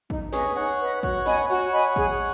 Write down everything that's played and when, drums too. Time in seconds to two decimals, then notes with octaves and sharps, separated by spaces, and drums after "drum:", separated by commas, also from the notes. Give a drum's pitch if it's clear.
0.10 D#4, drum: kick A1
0.33 G#4 B4 C#5 D#5, drum: snare
0.56 D#4 C#5 F#5
0.80 B4 D#5
1.03 F#4 C#5 F#5, drum: kick A1
1.26 D#5 G#5 B5, drum: snare
1.49 F#4 C#5 F#5
1.73 D#5 G#5 B5
1.96 G#4, drum: kick A1